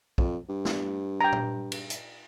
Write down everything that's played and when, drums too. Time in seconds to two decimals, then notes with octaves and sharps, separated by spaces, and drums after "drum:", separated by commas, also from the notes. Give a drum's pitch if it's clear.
0.18 F2, drum: kick
0.49 G2
0.65 drum: snare
1.21 G5 A#5
1.33 drum: tom A#2
1.72 drum: cymbal
1.90 drum: hi-hat